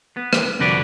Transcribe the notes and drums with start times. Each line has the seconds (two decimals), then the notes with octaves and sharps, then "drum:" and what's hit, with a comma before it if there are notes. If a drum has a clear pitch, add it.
0.17 B3
0.33 drum: rim click
0.59 C2 F2 D3 F#4 B4 D5